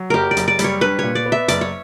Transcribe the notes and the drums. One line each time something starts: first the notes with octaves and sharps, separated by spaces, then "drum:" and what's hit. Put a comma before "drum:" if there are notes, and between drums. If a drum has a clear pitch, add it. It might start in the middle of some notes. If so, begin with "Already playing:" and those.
Already playing: F#3
F#1 G4 A#4
D5
F#1, drum: hi-hat
D5
G3, drum: hi-hat
C#5
D4 B4
A#2 C#5
D5
B3
E5
F#1 D5, drum: hi-hat
C#5